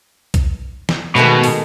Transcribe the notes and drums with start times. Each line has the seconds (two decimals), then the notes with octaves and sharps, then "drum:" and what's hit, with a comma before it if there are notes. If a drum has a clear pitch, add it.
0.34 drum: kick B1, hi-hat
0.89 drum: snare
1.16 B2 D#3 G#3 A3
1.44 drum: open hi-hat